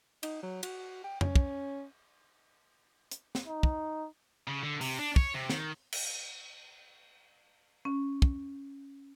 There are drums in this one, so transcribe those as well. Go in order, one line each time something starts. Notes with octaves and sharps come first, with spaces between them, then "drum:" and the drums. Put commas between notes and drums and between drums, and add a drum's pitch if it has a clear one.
D#4, drum: cymbal
F#3
F#4, drum: cymbal
G5
C#4, drum: tom
drum: kick
drum: hi-hat
drum: snare
D#4
drum: kick
C#3
D3
C3, drum: open hi-hat
D4
C#5, drum: kick
C3
D#3, drum: snare
drum: cymbal
C#4
drum: kick